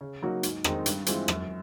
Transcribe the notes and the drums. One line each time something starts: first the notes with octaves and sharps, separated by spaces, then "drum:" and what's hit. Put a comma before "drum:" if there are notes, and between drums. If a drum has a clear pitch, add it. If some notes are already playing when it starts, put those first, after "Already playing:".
C#3
F#3 A#3 D#4 F#4
G#2, drum: hi-hat
D#3 G#3 C4 D#4, drum: rim click
G2, drum: hi-hat
E3 G#3 C4 F4, drum: hi-hat
F#2, drum: rim click